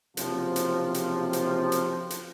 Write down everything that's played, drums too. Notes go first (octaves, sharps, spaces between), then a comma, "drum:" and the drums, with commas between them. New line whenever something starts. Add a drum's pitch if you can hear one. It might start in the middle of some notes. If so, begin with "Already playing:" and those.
F#1 C3 F3, drum: hi-hat
drum: hi-hat
drum: hi-hat
drum: hi-hat
drum: hi-hat
drum: hi-hat